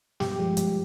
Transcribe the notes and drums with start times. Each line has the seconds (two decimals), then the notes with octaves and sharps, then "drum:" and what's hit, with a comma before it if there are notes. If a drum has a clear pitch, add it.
0.20 G2 G4, drum: snare
0.39 F3 G#3
0.57 G2, drum: hi-hat